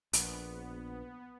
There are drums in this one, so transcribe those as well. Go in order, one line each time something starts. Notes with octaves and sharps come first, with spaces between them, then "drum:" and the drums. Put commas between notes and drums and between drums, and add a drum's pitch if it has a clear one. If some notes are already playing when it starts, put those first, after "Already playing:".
A#1 B3, drum: hi-hat